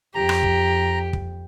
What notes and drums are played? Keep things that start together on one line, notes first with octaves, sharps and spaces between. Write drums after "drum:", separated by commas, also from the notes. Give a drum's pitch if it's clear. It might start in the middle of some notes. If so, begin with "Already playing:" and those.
F2 G4 A#5
drum: rim click
drum: kick
drum: kick